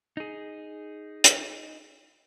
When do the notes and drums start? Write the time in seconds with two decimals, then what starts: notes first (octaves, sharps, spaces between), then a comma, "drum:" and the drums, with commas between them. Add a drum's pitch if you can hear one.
0.17 D#4 G#4
1.24 drum: hi-hat